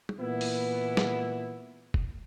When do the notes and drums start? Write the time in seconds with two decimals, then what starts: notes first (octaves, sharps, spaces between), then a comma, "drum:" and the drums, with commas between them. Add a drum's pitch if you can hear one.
0.09 drum: tom
0.19 A#2 E3 B3 E4
0.41 drum: open hi-hat
0.97 drum: snare
1.94 drum: kick